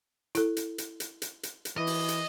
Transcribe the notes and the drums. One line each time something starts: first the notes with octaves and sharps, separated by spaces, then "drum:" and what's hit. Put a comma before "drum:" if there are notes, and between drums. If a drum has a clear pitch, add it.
E4 A4, drum: hi-hat
drum: hi-hat
drum: hi-hat
drum: hi-hat
drum: hi-hat
drum: hi-hat
drum: hi-hat
E3 D#5
drum: open hi-hat
drum: hi-hat